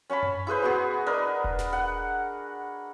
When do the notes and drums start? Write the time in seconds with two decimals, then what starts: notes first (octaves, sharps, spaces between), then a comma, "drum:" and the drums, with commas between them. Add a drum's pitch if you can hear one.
0.10 C#4 C#5 A5 B5
0.23 drum: tom F#2
0.47 E4 G#4 B4 C5
0.62 B3 F#4 G#4
1.06 D4 A#4 B4 D#5
1.44 drum: kick E1
1.59 drum: snare
1.73 F#5